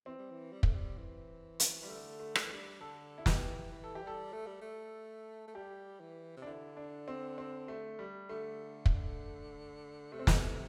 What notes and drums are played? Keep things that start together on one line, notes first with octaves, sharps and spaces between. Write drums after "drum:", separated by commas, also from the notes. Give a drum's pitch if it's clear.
E3 C4
G3
E3
G3
A3, drum: kick
G3
E3
drum: hi-hat
E3 G3
D3 A3
A3
G3, drum: rim click
E3
G3 D4
D3 A4
E4
E3 G4, drum: snare
E3
A4
G4
G3 A4
A3
G3
A3
A3
G3 G4
E3
C3
D4
D3 E4
D4
C4
C4
A3
G3
D3 A3
drum: kick
C3 A3
C4
A3, drum: snare